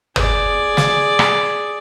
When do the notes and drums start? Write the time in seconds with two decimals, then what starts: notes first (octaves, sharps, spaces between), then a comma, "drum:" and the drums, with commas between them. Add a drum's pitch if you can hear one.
0.16 G#4 D5, drum: tom
0.77 drum: snare
1.19 drum: rim click